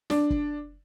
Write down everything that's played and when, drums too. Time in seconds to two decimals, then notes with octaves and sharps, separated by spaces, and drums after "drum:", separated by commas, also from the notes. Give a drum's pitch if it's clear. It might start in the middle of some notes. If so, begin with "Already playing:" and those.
0.10 D4, drum: snare
0.30 drum: kick